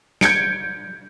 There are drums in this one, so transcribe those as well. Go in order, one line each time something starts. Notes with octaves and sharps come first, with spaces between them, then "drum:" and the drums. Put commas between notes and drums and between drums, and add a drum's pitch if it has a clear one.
G6 G#6 C#7 D7, drum: snare